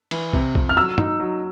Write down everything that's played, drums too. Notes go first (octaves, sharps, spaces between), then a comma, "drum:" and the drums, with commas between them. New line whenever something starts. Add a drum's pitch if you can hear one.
E3, drum: cymbal
C3, drum: kick
F2, drum: kick
F6
F#3 E6
D#4, drum: tom
F#3